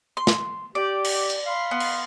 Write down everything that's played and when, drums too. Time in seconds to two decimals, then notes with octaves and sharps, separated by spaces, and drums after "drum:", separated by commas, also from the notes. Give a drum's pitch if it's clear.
0.17 C6
0.27 drum: snare
0.75 G4 D5
1.04 drum: cymbal
1.30 drum: hi-hat
1.46 F5 B5 C6
1.71 B3
1.80 drum: cymbal